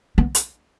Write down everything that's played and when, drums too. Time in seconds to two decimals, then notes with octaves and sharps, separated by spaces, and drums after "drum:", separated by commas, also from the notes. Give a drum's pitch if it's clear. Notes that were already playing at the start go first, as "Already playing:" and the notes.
0.18 B3
0.35 drum: hi-hat